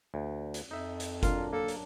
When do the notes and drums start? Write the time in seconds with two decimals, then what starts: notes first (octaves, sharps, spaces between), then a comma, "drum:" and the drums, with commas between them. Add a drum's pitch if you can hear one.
0.14 D2
0.54 drum: hi-hat
0.71 F2 D#4 E5
1.00 drum: hi-hat
1.23 F#3 D4 F4 A#4, drum: kick F#1, hi-hat
1.53 A#3 A4
1.68 drum: hi-hat